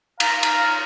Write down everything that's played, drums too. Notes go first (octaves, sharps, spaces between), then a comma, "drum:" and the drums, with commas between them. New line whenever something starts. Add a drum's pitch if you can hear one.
F5 A#5, drum: cymbal
drum: cymbal